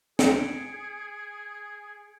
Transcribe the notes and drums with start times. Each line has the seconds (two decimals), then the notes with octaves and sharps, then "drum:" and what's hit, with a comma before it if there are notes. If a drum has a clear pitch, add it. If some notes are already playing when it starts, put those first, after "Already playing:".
0.19 G#4 C#7 D7, drum: snare